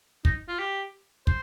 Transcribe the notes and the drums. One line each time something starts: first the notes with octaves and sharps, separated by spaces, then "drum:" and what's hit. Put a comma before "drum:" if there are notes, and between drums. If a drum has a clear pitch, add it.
D#4, drum: kick
F4
G4
C5, drum: kick